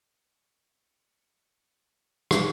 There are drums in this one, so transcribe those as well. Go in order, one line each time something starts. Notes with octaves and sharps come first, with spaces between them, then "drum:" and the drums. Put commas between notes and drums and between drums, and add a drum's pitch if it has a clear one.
D5 C#6
drum: rim click